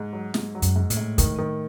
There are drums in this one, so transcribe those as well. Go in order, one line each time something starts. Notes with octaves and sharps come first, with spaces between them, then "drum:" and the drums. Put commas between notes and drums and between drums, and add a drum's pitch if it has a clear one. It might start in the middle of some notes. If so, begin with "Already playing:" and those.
Already playing: G#2
F#3
G#2, drum: snare
F#3
F#2, drum: hi-hat
G#2
A2, drum: hi-hat
G#2
D#3, drum: kick, hi-hat
D#3